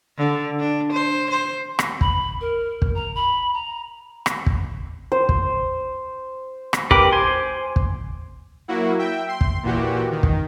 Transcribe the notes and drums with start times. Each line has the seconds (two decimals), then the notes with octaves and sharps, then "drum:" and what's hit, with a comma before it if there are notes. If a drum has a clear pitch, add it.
0.18 D3
0.59 D4
0.92 C5
1.31 C5
1.79 drum: rim click
2.01 B5, drum: kick
2.40 A#4
2.82 drum: kick
2.94 A#5
3.15 B5
3.53 A#5
4.26 drum: rim click
4.46 drum: kick
5.12 C5
5.29 drum: kick
6.73 drum: rim click
6.91 G4 A#4 B4 D6, drum: kick
7.13 C5 G#5 C6
7.76 drum: kick
8.68 F#3 A#3 E4 F#4
8.99 E5 G5
9.29 C6
9.41 drum: kick
9.63 A#2 E3 F#4 G4
10.11 D#3
10.23 drum: kick